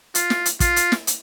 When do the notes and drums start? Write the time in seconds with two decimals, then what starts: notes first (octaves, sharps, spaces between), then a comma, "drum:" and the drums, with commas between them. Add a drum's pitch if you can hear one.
0.15 F4, drum: hi-hat
0.30 drum: snare
0.46 drum: hi-hat
0.60 F4, drum: kick, hi-hat
0.76 drum: hi-hat
0.92 drum: snare
1.07 drum: hi-hat